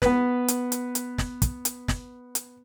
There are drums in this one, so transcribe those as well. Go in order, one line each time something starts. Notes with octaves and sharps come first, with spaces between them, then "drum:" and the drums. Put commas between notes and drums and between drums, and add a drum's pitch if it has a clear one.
B3 B4, drum: snare
drum: hi-hat
drum: hi-hat
drum: hi-hat
drum: snare
drum: kick, hi-hat
drum: hi-hat
drum: snare
drum: hi-hat